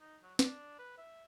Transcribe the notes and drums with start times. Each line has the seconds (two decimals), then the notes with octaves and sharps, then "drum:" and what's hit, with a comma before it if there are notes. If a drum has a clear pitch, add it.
0.01 D#4
0.23 F#3
0.39 D4, drum: snare
0.79 B4
0.98 E5